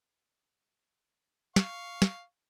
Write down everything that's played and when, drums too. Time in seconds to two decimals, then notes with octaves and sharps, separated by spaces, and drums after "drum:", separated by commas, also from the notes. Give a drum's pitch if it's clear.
1.56 F5 C#6, drum: snare
2.02 drum: snare